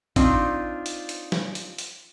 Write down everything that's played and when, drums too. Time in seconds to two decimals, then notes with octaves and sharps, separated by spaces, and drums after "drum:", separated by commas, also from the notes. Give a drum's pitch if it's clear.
0.16 C4 D4 D#4 F4, drum: kick, hi-hat
0.86 drum: hi-hat
1.09 drum: hi-hat
1.32 drum: snare
1.55 drum: hi-hat
1.78 drum: hi-hat